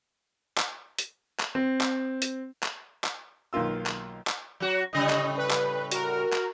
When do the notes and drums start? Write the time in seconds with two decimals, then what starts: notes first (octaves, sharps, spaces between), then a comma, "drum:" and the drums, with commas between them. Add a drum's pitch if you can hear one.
0.57 drum: clap
0.99 drum: hi-hat
1.40 drum: clap
1.55 C4
1.81 drum: clap
2.22 drum: hi-hat
2.63 drum: clap
3.04 drum: clap
3.53 B1 D#3 A#3 F4 E6
3.86 drum: clap
4.27 drum: clap
4.60 F#3 F#4
4.93 A2 C#3 G3 D#5
5.09 drum: clap
5.37 B4
5.50 drum: clap
5.91 F#4 A#4, drum: hi-hat
6.33 drum: clap